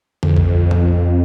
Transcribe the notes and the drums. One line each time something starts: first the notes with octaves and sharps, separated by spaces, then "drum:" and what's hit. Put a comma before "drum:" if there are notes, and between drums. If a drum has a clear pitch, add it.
F2, drum: tom D3
drum: kick A1
drum: tom A2